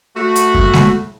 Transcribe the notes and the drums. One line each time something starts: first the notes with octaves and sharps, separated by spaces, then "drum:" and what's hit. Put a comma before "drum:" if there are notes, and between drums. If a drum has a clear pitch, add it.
A3 F#4
drum: hi-hat
drum: kick F#2
drum: snare G#3